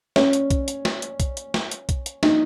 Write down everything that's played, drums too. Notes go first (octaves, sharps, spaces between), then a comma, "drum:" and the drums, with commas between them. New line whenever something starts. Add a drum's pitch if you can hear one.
C#4, drum: snare
drum: hi-hat
drum: kick B1, hi-hat
drum: hi-hat
drum: snare
drum: hi-hat
drum: kick B1, hi-hat
drum: hi-hat
drum: snare
drum: hi-hat
drum: kick B1, hi-hat
drum: hi-hat
D#4, drum: snare